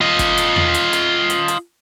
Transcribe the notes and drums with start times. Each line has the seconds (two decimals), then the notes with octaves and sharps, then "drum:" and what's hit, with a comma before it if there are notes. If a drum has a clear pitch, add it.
0.01 F4 D#5
0.19 drum: kick, hi-hat
0.38 drum: hi-hat
0.56 drum: tom E2
0.74 drum: hi-hat
0.93 drum: hi-hat
1.30 drum: hi-hat
1.48 drum: hi-hat